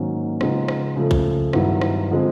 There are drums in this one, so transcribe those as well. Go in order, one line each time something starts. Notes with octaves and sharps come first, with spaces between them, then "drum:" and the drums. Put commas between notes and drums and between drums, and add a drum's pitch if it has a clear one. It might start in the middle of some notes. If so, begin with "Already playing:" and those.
Already playing: G#2 D#3 F#3 A#3 C#4
C#3 F3 G#3 B3 D#4, drum: rim click
drum: rim click
C#3 F3 A3
drum: kick B1
G2 D#3 F#3 B3 E4, drum: rim click
drum: rim click
D3 F3 G#3 C4